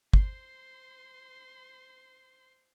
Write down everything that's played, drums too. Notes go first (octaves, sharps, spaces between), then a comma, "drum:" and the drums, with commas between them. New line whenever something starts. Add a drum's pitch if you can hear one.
C5 C6, drum: kick